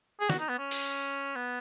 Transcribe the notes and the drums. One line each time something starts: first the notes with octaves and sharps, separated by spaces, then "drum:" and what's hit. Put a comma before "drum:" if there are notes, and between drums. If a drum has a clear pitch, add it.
G#4
F#4, drum: snare
D#4
B3
C#4
drum: open hi-hat
B3